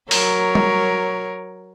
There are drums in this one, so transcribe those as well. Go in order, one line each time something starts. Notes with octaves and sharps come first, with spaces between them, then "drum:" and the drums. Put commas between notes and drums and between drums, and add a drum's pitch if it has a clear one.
F#3 A#4 C#5, drum: open hi-hat
drum: tom G3